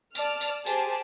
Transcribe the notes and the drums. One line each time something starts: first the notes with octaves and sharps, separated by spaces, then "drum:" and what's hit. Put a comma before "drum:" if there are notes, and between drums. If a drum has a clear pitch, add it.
D5 A5 F6, drum: tambourine
drum: tambourine
G4 G#4 C5 A5, drum: tambourine